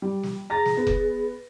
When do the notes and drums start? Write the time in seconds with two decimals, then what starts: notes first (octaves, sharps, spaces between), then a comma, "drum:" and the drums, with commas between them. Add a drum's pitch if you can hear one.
0.02 G3
0.23 drum: snare
0.50 G#4 A#5 A6 A#6
0.66 drum: snare
0.77 B3
0.87 drum: kick F1